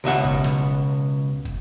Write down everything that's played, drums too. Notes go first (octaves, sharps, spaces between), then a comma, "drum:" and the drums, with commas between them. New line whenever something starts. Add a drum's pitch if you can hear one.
C#2 B2 E5 F#5
drum: kick
drum: rim click
drum: kick